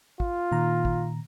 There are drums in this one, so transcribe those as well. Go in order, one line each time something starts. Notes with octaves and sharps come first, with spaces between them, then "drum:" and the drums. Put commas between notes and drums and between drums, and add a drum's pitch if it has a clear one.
F4, drum: kick
A#2 D#3 A#5
drum: kick